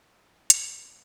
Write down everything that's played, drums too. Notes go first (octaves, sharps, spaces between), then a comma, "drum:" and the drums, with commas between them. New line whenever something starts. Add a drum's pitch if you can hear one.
C4 F4 A#4 E5 F#5
E4 F4 A#4 F#5
D3 G3 D#5 G6 A6 E7
G#1 C3 F3 B3 A#5 C6, drum: hi-hat
F#2
C#3 C4 D6 G6